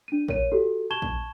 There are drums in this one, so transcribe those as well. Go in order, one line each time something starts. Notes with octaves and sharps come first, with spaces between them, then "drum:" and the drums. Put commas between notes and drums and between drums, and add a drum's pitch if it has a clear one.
D4 D#7
A#4 C#5 D#7, drum: kick A#1
F#4 G4 A4
A5 C#6 G#6 E7 G7
drum: kick A#1